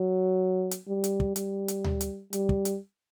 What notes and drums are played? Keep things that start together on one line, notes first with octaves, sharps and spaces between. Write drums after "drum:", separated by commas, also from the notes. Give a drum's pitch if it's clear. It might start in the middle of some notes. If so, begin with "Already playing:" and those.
Already playing: F#3
drum: hi-hat
G3
drum: hi-hat
drum: kick
G3, drum: hi-hat
drum: hi-hat
drum: tom D2
drum: hi-hat
G3, drum: hi-hat
drum: kick
drum: hi-hat